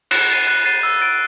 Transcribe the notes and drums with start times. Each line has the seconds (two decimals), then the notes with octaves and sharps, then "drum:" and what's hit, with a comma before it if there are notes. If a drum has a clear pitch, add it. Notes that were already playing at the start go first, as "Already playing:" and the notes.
0.11 F#6, drum: cymbal
0.30 A6 C7 D#7
0.47 F#6
0.65 A6 C7 D#7
0.83 E6
1.02 A6 D7